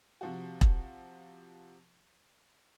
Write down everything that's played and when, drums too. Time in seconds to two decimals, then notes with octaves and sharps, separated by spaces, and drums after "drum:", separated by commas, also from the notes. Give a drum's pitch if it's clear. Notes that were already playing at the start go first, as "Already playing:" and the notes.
0.21 C3 F3 F#4
0.61 drum: kick E1